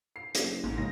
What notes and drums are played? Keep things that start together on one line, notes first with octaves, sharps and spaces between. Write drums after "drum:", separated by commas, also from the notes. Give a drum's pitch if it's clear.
C7
F#1, drum: hi-hat
A1 G#2
D#2 C#3 G#3 A#6